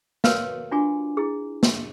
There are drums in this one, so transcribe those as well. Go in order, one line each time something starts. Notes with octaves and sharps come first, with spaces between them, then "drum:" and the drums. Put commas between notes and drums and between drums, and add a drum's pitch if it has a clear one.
F#4 A#4 B4 C#5 D5 F5, drum: snare
D4 F4 F#4 D5 G#5 D6
E4 G#4
drum: snare